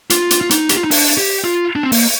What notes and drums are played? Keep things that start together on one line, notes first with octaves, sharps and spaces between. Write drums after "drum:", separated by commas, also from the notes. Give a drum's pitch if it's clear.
F4, drum: hi-hat
drum: hi-hat
F4
D#4, drum: hi-hat
G4, drum: hi-hat
F4
D#4
D4, drum: open hi-hat
G4
F4
D4
C4
A#3, drum: open hi-hat